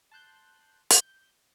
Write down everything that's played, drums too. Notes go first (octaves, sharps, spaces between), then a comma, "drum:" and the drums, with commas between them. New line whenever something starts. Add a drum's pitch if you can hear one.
A5 C6 F#6 G6
G6, drum: hi-hat